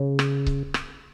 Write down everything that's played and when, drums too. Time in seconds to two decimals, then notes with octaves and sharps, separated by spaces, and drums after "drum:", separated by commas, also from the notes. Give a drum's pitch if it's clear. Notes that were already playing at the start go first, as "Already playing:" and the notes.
Already playing: C#3
0.19 drum: rim click
0.47 drum: kick C#1
0.74 drum: rim click